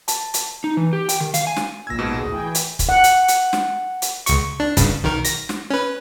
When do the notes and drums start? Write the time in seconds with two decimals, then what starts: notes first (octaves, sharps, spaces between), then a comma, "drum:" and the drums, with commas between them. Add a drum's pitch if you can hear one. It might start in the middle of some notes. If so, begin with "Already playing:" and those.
0.08 A5, drum: hi-hat
0.34 drum: hi-hat
0.64 D#4
0.77 E3
0.93 G4
1.09 G5, drum: hi-hat
1.20 D#3
1.34 F5, drum: hi-hat
1.47 G#5
1.56 drum: snare
1.87 A#1 A#2 E6 G#6 A#6
1.98 G#2 B2
2.18 D2 A2 G#4
2.31 E3 G5 G#5
2.55 drum: hi-hat
2.79 drum: kick, hi-hat
2.89 F#5
3.04 drum: hi-hat
3.28 drum: hi-hat
3.53 drum: snare
4.02 drum: hi-hat
4.26 C#2 C#6, drum: hi-hat
4.60 D4
4.77 G#1 G2 C#3, drum: kick, hi-hat
5.04 B1 D#3 A#4
5.25 A#6, drum: hi-hat
5.49 drum: snare
5.70 C#4 B4